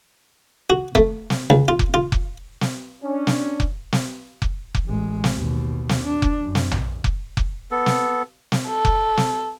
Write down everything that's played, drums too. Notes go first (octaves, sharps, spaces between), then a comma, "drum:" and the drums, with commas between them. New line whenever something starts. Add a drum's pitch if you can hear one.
F#4
A3, drum: kick F1
drum: snare
C#2
F4
drum: kick F1
F4
drum: kick F1
drum: snare
C#4 D4
drum: snare
drum: kick F1
drum: snare
drum: kick F1
drum: kick F1
A1 G#3
drum: snare
D#2 B2
drum: snare
D4
drum: kick F1
F#2
drum: snare
drum: tom A#1
drum: kick F1
drum: kick F1
B3 A4
drum: snare
drum: snare
A4
drum: kick F1
drum: snare